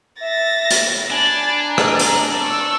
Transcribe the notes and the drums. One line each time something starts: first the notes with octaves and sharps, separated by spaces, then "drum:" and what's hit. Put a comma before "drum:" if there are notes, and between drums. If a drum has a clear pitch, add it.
E5 A6 A#6
drum: hi-hat
D4 G#5 B5 A6
A5 A#5
drum: rim click
drum: hi-hat
C#6 E6